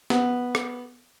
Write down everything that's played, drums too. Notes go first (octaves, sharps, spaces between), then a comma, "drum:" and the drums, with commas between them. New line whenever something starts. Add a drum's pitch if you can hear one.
B3, drum: snare
drum: rim click